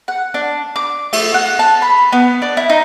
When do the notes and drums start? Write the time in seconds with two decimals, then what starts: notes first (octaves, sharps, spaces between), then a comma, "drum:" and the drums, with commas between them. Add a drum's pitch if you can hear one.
0.08 F#5
0.34 D4
0.76 D6
1.13 A3, drum: cymbal
1.34 F#5
1.59 A5
1.82 B5
2.12 B3
2.42 D4
2.57 E4
2.70 D#4